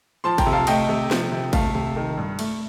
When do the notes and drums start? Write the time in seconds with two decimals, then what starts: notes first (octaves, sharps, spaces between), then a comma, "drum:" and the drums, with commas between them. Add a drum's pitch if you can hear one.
0.24 F3 A5 C6
0.38 G5 A#5, drum: kick G#1, cymbal
0.46 C3
0.53 F5 A5
0.67 A3 D#5 G5, drum: cymbal
0.89 C3
1.11 F3, drum: snare
1.32 C3
1.53 A3 F5 A5, drum: kick G#1, cymbal
1.75 C3
1.96 D#3
2.18 G2
2.39 A3, drum: cymbal